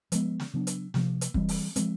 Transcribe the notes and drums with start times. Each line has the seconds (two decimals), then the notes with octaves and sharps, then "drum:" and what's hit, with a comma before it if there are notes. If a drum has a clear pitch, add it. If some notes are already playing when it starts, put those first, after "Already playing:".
0.12 F3 G#3 B3, drum: hi-hat
0.40 drum: snare
0.54 C#3 F#3 B3 D4
0.67 drum: hi-hat
0.94 C3 F3 A#3, drum: snare
1.21 drum: hi-hat
1.34 E3 G3 C4, drum: kick
1.49 drum: open hi-hat
1.76 F3 G#3 C4, drum: hi-hat